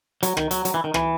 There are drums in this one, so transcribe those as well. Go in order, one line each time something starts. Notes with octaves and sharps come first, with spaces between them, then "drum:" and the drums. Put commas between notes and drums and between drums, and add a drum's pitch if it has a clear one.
F#3, drum: hi-hat
D#3, drum: rim click
F#3, drum: hi-hat
F#3, drum: hi-hat
E3
D#3
E3, drum: rim click